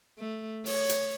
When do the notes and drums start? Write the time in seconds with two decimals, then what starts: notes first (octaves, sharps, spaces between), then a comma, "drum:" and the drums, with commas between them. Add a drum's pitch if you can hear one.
0.18 A3
0.66 C#5, drum: open hi-hat
0.89 drum: hi-hat